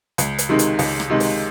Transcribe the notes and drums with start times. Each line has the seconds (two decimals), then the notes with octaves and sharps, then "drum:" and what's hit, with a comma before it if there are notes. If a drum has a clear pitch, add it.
0.18 C#2, drum: hi-hat
0.38 drum: hi-hat
0.49 C3 D#3 G#3
0.59 drum: hi-hat
0.79 C#2, drum: open hi-hat
1.00 drum: rim click
1.10 C3 D#3 G#3
1.20 drum: open hi-hat